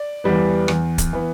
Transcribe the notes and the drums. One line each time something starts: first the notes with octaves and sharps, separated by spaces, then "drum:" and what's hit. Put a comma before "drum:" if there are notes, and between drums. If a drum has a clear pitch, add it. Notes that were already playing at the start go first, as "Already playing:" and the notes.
Already playing: D5
E2 E3 G3 B3
E2, drum: rim click
drum: kick C#1, hi-hat
E3 B3